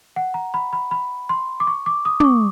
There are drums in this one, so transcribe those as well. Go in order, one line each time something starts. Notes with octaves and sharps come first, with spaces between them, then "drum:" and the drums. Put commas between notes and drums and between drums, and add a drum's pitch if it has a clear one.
F#5
A#5
B5
B5
B5
C6
D6
C#6
D6
D#6
D6, drum: tom
C#6